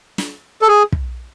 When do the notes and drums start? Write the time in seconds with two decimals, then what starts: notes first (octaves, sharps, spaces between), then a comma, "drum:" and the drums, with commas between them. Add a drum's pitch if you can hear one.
0.18 drum: snare
0.62 A4
0.68 G#4
0.92 drum: kick